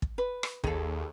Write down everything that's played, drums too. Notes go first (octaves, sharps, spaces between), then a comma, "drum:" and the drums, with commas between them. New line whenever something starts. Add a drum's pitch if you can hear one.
drum: kick
B4
drum: rim click
D#2 G#4 A4, drum: kick